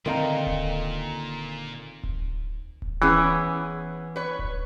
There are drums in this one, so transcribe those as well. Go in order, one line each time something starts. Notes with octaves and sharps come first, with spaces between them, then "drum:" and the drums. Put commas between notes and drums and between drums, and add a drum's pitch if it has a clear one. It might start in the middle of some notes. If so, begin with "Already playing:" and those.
A#2 D3 D#3 C4 F5 A#5
drum: kick D1
drum: kick D1
drum: kick D1
E3 B3 C#4 G#4
B4 C#5
drum: kick D1